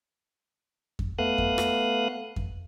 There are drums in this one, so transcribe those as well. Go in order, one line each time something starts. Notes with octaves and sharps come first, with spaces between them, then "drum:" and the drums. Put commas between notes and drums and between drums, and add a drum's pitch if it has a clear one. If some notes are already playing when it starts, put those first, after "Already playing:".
drum: kick F2
A3 B3 F5 D#6 F#6
drum: kick F2
drum: rim click
drum: kick F2